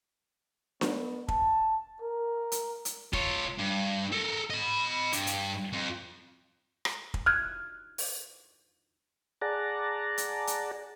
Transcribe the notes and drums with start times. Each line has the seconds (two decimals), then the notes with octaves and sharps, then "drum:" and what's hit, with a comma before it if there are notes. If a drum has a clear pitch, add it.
0.81 B3, drum: snare D4
1.28 A5, drum: kick
2.02 A#4
2.52 drum: hi-hat
2.85 drum: hi-hat
3.13 F4 C#5, drum: kick
3.58 G2
4.12 A4 A#4
4.50 D#5 B5
5.13 G2, drum: hi-hat
5.27 drum: hi-hat
5.73 F2
6.85 drum: rim click
7.14 drum: kick
7.26 F6 F#6 G#6
7.98 drum: open hi-hat
9.42 G#4 D5 F#5 A5 A#5
10.18 drum: hi-hat
10.47 drum: hi-hat